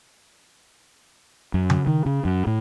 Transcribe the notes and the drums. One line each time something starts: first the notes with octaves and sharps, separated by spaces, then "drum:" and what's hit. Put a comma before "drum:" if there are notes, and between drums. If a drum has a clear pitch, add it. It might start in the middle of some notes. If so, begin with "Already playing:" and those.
F#2
drum: tom C#3
D#3
C#3
F#2
A2